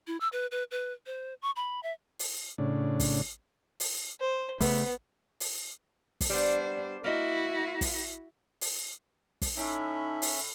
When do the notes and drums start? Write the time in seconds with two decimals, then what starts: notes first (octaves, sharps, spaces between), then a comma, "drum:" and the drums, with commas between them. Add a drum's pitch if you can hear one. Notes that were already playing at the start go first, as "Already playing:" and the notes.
0.07 E4
0.20 E6
0.32 B4
0.51 B4
0.71 B4
1.06 C5
1.42 C#6
1.56 B5
1.83 E5
2.19 drum: open hi-hat
2.58 A2 C#3 D4
3.00 drum: kick, open hi-hat
3.80 drum: open hi-hat
4.20 C5
4.60 C#3 A3 B3, drum: kick, open hi-hat
5.40 drum: open hi-hat
6.21 drum: kick, open hi-hat
6.30 G3 B3 D4 C5
7.04 A#3 E4 F#4 D#5
7.81 drum: kick, open hi-hat
8.61 drum: open hi-hat
9.42 drum: kick, open hi-hat
9.57 A2 C#4 D#4 E5
10.22 drum: open hi-hat